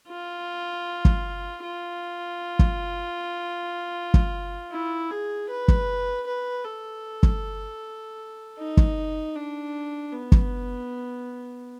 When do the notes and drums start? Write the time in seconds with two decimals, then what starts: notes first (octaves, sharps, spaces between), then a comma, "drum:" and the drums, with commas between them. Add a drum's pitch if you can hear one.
0.08 F4
1.05 drum: kick
1.63 F4
2.59 drum: kick
4.14 drum: kick
4.71 E4
5.11 G#4
5.49 B4
5.68 drum: kick
6.26 B4
6.65 A4
7.23 drum: kick
8.58 D#4
8.77 drum: kick
9.35 D4
10.12 B3
10.32 drum: kick